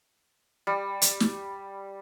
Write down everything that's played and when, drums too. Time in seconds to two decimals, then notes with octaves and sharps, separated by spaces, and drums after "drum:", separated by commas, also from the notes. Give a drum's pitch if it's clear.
0.67 G3
1.02 drum: hi-hat
1.20 drum: snare